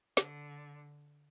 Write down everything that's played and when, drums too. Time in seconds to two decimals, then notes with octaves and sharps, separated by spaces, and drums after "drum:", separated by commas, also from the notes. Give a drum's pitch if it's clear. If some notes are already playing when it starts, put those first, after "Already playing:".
0.17 D3, drum: snare